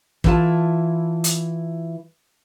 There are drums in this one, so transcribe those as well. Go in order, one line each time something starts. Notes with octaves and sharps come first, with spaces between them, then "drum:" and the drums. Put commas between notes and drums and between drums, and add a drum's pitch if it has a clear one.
E3 E4 F4 A5, drum: kick
drum: hi-hat